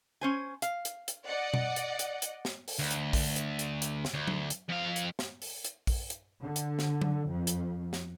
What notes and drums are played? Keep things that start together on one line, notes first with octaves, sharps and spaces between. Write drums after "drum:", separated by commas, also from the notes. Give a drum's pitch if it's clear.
C#4 C5 G#5
F5, drum: hi-hat
drum: hi-hat
drum: hi-hat
D5 D#5 F#5
drum: tom B2
drum: hi-hat
drum: hi-hat
drum: hi-hat
drum: snare
drum: open hi-hat
D2
drum: hi-hat
drum: kick A#1, open hi-hat
drum: hi-hat
drum: hi-hat
drum: hi-hat
drum: snare
D2
drum: tom F#3
drum: hi-hat
F2 F5
drum: hi-hat
drum: snare
drum: open hi-hat
drum: hi-hat
drum: kick A#1, open hi-hat
drum: hi-hat
D3
drum: hi-hat
drum: snare
drum: tom F#3
F2
drum: hi-hat
drum: snare